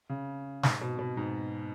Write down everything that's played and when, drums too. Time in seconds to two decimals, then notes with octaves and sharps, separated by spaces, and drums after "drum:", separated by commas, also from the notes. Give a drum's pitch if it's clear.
0.10 C#3
0.63 G#2, drum: snare
0.81 B2
0.99 B2
1.17 G#2